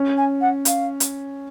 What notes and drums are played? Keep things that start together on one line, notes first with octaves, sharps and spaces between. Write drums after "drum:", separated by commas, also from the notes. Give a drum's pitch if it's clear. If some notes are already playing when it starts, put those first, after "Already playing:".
Already playing: C#4
G#5
F#5
F5, drum: hi-hat
drum: hi-hat